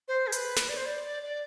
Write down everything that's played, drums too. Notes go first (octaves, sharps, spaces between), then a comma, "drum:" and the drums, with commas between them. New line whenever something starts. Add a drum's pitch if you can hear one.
C5
G#4
B4, drum: hi-hat
drum: snare
D5
C5
D5
D5
D5